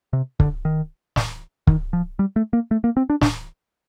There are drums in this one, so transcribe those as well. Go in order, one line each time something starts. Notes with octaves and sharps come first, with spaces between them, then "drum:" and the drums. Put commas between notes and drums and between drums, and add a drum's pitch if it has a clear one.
C3
D3, drum: kick
D#3
drum: snare
D#3, drum: kick
F3
G3
A3
A#3
A3
A#3
C4
D4
D4, drum: snare